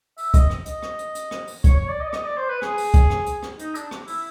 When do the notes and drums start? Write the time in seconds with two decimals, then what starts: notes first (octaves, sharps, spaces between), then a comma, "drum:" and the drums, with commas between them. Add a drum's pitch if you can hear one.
0.18 E5, drum: open hi-hat
0.34 D#5, drum: kick, hi-hat
0.50 drum: rim click
0.66 D#5, drum: hi-hat
0.82 drum: rim click
0.99 drum: hi-hat
1.15 drum: hi-hat
1.31 drum: rim click
1.47 drum: open hi-hat
1.64 C#5, drum: kick, hi-hat
1.76 C#5
1.89 D5
2.01 D#5
2.08 D5
2.13 D#5, drum: rim click
2.25 D5
2.37 C5
2.49 B4
2.62 G#4, drum: rim click
2.78 drum: open hi-hat
2.94 drum: kick, hi-hat
3.10 drum: rim click
3.26 drum: hi-hat
3.43 drum: rim click
3.59 D#4, drum: hi-hat
3.75 D4, drum: hi-hat
3.91 drum: rim click
4.08 E4, drum: open hi-hat